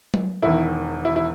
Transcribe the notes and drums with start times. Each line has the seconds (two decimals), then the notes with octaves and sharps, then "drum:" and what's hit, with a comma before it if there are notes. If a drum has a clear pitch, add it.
0.14 drum: tom F#3
0.42 E1 E2 D#3 E4
1.05 E4
1.16 E4